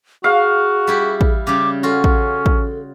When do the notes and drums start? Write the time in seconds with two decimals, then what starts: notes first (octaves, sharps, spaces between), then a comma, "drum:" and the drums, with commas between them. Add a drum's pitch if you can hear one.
0.24 F#4 G#4 F5
0.87 G3 E4 G4
1.21 drum: kick
1.47 C#3 G3 D6
1.83 C#4 F4 F#4 A4
2.04 drum: kick
2.46 drum: kick